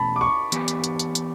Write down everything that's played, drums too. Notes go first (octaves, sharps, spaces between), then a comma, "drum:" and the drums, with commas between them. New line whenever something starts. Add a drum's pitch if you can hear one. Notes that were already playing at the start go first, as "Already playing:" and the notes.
Already playing: E2 B2 A3 C#4 A5 B5
D6
C#6
E3 B3 E4 G4, drum: hi-hat
drum: hi-hat
drum: hi-hat
drum: hi-hat
drum: hi-hat